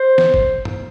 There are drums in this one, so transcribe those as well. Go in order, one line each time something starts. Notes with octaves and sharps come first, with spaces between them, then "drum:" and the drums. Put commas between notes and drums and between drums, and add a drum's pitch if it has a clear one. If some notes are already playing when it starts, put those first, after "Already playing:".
Already playing: C5
drum: snare
drum: kick
drum: tom